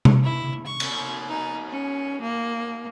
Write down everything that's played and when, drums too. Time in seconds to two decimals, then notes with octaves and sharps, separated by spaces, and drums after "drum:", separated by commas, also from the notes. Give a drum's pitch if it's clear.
0.05 drum: tom C3
0.23 E4
0.64 C#6
0.80 drum: cymbal
1.27 D#4
1.70 C#4
2.22 A#3